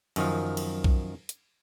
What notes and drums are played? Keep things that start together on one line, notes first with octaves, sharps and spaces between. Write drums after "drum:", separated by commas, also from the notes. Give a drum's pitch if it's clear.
F#2 D#3 F3, drum: cymbal
drum: cymbal
drum: kick B1
drum: hi-hat